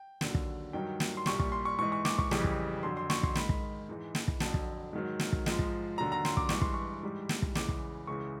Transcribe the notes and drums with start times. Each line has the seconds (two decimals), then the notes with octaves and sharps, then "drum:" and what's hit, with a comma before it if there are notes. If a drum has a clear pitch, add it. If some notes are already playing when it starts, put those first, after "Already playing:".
Already playing: G5
0.21 D#2 D3 F#3, drum: snare
0.35 drum: kick
0.73 G2 D#3 F#3 G5
1.00 drum: snare
1.17 C6
1.26 C2 A#2 G3 C#6, drum: snare
1.40 C#6, drum: kick
1.52 C6
1.65 C#6
1.78 G#2 E3 G#3 C#6
1.92 C#6
2.05 D6, drum: snare
2.18 C#6, drum: kick
2.31 F2 C#3 E3 G3, drum: snare
2.44 drum: kick
2.83 F2 D3 F#3 C6
2.97 C6
3.10 C#6, drum: snare
3.23 C6, drum: kick
3.35 G#2 D#3 G#3 B5, drum: snare
3.49 drum: kick
3.89 G#2 E3 G#3
4.15 drum: snare
4.28 drum: kick
4.40 F2 D3 F#3 A5, drum: snare
4.54 drum: kick
4.93 G#2 D#3 F#3
5.20 drum: snare
5.33 drum: kick
5.46 G#2 F3 G#3, drum: snare
5.59 drum: kick
5.98 D#2 D3 F#3 A#5
6.12 A#5
6.25 C6, drum: snare
6.37 D6, drum: kick
6.49 G2 E3 G#3 C#6, drum: snare
6.61 C6, drum: kick
6.74 C#6
7.03 G#2 E3 G3
7.29 drum: snare
7.42 drum: kick
7.55 E2 C#3 E3 G#3 D6, drum: snare
7.69 drum: kick
8.07 C#2 C#3 E3 C#6